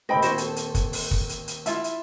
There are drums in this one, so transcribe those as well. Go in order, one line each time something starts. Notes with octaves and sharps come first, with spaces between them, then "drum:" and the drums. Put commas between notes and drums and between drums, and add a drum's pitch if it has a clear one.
D#1 C4 D#5 G5 B5
E4 F#4 C5, drum: hi-hat
A4, drum: hi-hat
drum: hi-hat
drum: kick, hi-hat
drum: open hi-hat
drum: kick
drum: hi-hat
drum: hi-hat
E4 F4 E5, drum: hi-hat
drum: hi-hat